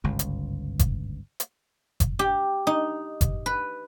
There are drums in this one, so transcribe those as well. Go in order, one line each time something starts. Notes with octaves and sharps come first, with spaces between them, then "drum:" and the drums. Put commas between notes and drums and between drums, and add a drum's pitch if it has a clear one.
G1 C#2 G#2
drum: hi-hat
drum: kick F#1, hi-hat
drum: hi-hat
drum: kick F#1, hi-hat
G4
D#4
drum: kick F#1, hi-hat
B4